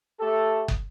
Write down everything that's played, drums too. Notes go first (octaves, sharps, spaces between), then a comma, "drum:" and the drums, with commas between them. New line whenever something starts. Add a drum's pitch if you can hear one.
A3 G4 A4
drum: kick